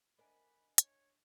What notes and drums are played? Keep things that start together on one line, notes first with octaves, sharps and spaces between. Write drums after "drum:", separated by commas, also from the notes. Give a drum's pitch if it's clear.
D4 A#4 D5 D#5 F#5 G#5 B5
C#5, drum: hi-hat